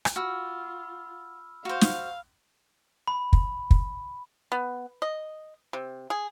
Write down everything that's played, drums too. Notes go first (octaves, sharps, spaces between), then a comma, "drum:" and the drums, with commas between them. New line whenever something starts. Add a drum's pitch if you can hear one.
drum: rim click
F4 F#4 B5 E6 F6
F#4 C5 F5
drum: snare
B5
drum: kick
drum: kick
B3
D#5
C3
G#4